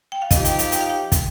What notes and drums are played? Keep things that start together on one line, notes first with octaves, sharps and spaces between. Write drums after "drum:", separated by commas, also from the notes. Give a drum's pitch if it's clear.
G5
F5
F3 D#4 G4 D#5, drum: kick, hi-hat
G5, drum: hi-hat
F5, drum: hi-hat
G5, drum: hi-hat
F5
G5
drum: kick, hi-hat